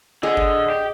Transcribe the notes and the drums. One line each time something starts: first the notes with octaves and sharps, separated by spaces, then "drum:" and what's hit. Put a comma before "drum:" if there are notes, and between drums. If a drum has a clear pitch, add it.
D3 G#4 D#5
drum: kick G1
G4